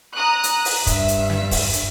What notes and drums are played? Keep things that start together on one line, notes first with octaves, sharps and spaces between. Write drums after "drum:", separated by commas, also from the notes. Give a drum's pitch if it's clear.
A#5 D#6 F#6
drum: hi-hat
drum: open hi-hat
G2 E5, drum: kick, hi-hat
drum: hi-hat
drum: snare
drum: kick, open hi-hat
drum: hi-hat